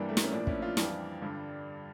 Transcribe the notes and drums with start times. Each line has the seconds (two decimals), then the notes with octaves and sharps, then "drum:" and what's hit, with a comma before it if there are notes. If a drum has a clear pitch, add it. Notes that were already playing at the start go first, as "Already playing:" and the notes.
Already playing: G2 E3 G3 A#3 D4
0.09 A3
0.17 A#3, drum: snare
0.24 C#4
0.32 A2 F3 A#3 D4
0.47 C#4 E4, drum: kick
0.62 D4 F4
0.77 F2 E3 G3, drum: snare
1.22 G2 D3 G3